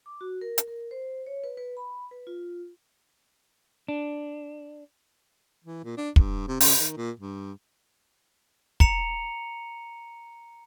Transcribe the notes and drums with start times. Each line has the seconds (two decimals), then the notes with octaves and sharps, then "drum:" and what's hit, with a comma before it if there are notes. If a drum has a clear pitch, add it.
0.06 D6
0.21 F#4
0.41 A#4
0.58 drum: hi-hat
0.68 A#4
0.91 C5
1.27 C#5
1.44 B4
1.57 B4
1.77 B5
2.11 B4
2.27 F4
3.88 D4
5.64 E3
5.84 A#2
5.97 D4
6.16 G2, drum: kick
6.48 C3
6.60 C#3, drum: open hi-hat
6.78 D#3
6.97 A#2
7.20 G2
8.80 A#5 C#7 F7, drum: kick